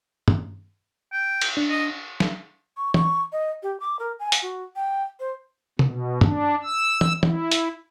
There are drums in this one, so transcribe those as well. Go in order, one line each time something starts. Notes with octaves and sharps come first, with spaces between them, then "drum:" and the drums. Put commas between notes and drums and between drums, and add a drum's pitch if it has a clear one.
drum: tom
G5
drum: cymbal
D4
D#5
drum: snare
C#6
C#6, drum: tom
D#5
G4
D6
A#4
G#5
drum: hi-hat
F#4
G5
C5
B2, drum: tom C3
D4, drum: tom
E6
drum: tom
E4, drum: tom
drum: hi-hat